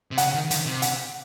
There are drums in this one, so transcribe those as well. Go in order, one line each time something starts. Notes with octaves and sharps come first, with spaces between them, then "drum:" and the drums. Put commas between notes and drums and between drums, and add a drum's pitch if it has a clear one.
C3
C#3 F#5, drum: hi-hat
D#3
D#3, drum: hi-hat
C3
F#5, drum: hi-hat